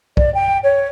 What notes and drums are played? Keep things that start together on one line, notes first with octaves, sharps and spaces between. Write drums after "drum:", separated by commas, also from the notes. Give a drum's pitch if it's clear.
D5, drum: kick
G5
C#5